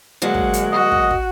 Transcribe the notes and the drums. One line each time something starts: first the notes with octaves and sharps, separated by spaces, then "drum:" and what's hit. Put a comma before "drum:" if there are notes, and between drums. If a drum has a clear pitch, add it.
D2 F#3 G#3 A#3 F#5
drum: kick
drum: hi-hat
F#4 D#5
drum: kick
drum: kick